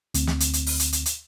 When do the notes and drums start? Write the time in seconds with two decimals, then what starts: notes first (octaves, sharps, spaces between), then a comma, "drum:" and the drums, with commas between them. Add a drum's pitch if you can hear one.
0.14 D2 C4, drum: hi-hat
0.27 drum: snare
0.40 drum: hi-hat
0.53 drum: hi-hat
0.66 drum: open hi-hat
0.79 drum: hi-hat
0.93 drum: hi-hat
1.06 drum: hi-hat